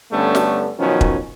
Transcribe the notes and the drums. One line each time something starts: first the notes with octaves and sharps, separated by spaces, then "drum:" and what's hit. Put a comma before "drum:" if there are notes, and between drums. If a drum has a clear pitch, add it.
G2 D3 G3 A3 B3 C#4
drum: snare
B2 D#3 F3 F#3 C#4
drum: kick